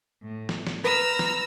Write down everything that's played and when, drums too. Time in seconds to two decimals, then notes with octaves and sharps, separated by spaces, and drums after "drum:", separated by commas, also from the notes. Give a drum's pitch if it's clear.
0.22 A2
0.49 drum: snare
0.67 drum: snare
0.84 B4 A#5 E6 F6
1.19 drum: snare